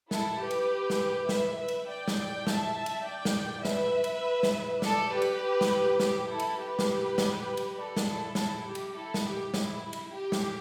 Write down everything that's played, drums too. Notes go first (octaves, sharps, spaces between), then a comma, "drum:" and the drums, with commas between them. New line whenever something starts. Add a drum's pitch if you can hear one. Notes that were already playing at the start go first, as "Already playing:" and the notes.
E4 A4, drum: snare
G4 B4
drum: cymbal
drum: snare
B4 E5, drum: snare
B4 E5
drum: cymbal
D5 G5
drum: snare
D5 G5
E5 A5, drum: snare
drum: cymbal
D5 G5
drum: snare
B4 E5, drum: snare
drum: cymbal
drum: snare
A4 D5, drum: snare
G4 B4
drum: cymbal
drum: snare
G4, drum: snare
E4 A4
drum: cymbal
G4 B4
drum: snare
drum: snare
drum: cymbal
A4 D5
drum: snare
E4 A4
E4 A4, drum: snare
G4
drum: cymbal
E4 A4
drum: snare
G4
E4, drum: snare
drum: cymbal
G4
drum: snare